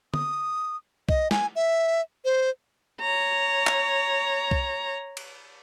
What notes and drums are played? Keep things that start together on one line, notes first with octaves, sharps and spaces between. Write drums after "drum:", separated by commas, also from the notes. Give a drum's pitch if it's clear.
D#6, drum: tom D3
D#5, drum: kick B1
G#5, drum: snare
E5
C5
C#5 A#5
drum: clap
drum: kick B1
drum: cymbal